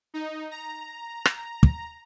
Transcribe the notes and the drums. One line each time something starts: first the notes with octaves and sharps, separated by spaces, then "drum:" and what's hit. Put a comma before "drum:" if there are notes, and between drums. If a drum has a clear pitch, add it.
D#4
A#5
drum: rim click
drum: kick